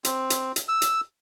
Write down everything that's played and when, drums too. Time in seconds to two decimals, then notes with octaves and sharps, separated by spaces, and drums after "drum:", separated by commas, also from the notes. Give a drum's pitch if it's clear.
0.05 C4, drum: hi-hat
0.30 drum: hi-hat
0.56 drum: hi-hat
0.68 E6
0.82 drum: hi-hat